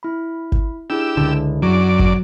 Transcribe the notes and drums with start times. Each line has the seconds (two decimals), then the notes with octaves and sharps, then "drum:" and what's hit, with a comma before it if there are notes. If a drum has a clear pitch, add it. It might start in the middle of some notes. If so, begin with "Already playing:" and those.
0.03 E4 B5
0.52 drum: kick G#1
0.90 D4 E4 G4 G#4 E6
1.17 C#2 D3
1.62 F#2 F#3 D5
1.99 drum: kick G#1